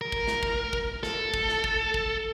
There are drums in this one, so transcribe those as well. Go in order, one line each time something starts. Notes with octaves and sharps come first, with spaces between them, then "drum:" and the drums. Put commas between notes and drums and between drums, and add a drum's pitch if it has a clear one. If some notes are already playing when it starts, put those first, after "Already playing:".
A#4
drum: kick
drum: snare
drum: kick
drum: kick
A4, drum: snare
drum: kick
drum: snare
drum: kick
drum: kick